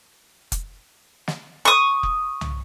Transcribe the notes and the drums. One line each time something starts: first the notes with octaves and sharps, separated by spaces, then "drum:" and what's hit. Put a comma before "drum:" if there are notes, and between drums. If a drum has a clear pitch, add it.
drum: kick F1, hi-hat
drum: snare
C#6 D#6
drum: kick F1
drum: tom C2